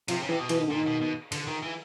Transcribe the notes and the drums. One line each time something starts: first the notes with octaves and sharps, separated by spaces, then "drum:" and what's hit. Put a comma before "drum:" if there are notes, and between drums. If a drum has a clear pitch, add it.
C3 F3, drum: cymbal
C#3
C3 E3
B2
E3, drum: cymbal
D#3
A#2 D3
D#3
B2
B2
D3, drum: cymbal
D#3
E3